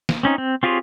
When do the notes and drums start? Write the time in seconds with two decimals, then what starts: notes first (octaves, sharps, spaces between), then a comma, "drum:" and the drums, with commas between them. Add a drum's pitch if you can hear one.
0.09 drum: snare
0.23 C4 C#4 D#4
0.38 C4
0.63 C4 F4 G4 G#4 C#5